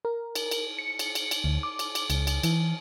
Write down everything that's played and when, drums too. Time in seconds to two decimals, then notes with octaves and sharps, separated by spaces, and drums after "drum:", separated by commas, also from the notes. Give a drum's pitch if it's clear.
0.05 A#4
0.35 drum: cymbal
0.51 drum: cymbal
0.78 C#7
0.99 drum: cymbal
1.15 drum: cymbal
1.31 drum: cymbal
1.44 D2
1.63 D6
1.79 drum: cymbal
1.95 drum: cymbal
2.10 C#2, drum: cymbal
2.27 drum: cymbal
2.43 E3, drum: cymbal